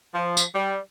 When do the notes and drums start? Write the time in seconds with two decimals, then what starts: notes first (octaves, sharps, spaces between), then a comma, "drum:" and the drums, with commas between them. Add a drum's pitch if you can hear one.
0.14 F3
0.37 drum: tambourine
0.55 G3